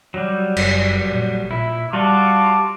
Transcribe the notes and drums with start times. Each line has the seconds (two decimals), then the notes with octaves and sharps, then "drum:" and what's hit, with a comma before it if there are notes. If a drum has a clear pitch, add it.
0.14 F#3 G3
0.57 F#1, drum: cymbal
1.12 A#1
1.51 A#2 E4
1.93 G3 F4 F#4 A4 A5 C6 D6